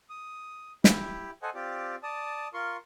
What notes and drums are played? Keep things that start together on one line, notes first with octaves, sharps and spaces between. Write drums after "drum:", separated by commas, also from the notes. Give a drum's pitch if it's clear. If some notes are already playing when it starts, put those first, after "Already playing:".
D#6
E4 G4, drum: snare
A4 C5 D#5 F#5 G#5
C4 F4 G4 D5
D5 A5 D#6
F4 A#4 C6 C#6